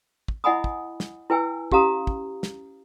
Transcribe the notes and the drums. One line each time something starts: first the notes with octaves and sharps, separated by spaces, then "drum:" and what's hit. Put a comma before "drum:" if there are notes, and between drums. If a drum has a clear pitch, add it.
drum: kick
E4 D#5 F#5 G#5 B5 D#6
drum: kick
drum: snare
E4 B4 G5 G#5 E6
C#4 G4 F5 A#5 D#6, drum: kick
drum: kick
drum: snare